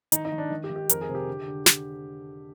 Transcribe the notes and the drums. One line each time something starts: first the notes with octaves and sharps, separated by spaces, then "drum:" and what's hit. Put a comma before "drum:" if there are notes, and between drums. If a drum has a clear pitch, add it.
D#3 D#4, drum: hi-hat
D#4
D#3
D4
D#3
G4
D#3
G4
F2 A#4, drum: hi-hat
G#4
C3
G4
D3
D3
drum: snare